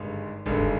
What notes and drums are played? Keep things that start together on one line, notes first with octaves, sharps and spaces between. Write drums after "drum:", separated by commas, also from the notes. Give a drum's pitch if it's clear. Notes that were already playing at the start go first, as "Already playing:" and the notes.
Already playing: G#1 G2 D3 G#3
G#1 G2 D3 G#3, drum: kick E1